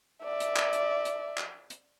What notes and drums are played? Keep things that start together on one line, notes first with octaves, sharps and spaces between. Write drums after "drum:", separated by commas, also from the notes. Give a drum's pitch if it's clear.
D5 E5
drum: hi-hat
drum: clap
drum: hi-hat
drum: hi-hat
drum: clap
drum: hi-hat